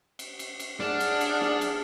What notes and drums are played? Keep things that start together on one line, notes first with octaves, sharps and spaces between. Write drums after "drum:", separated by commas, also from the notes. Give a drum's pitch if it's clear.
drum: cymbal
drum: cymbal
drum: cymbal
D4 G#4 F#5 F6, drum: snare
drum: cymbal
drum: cymbal
drum: snare
drum: cymbal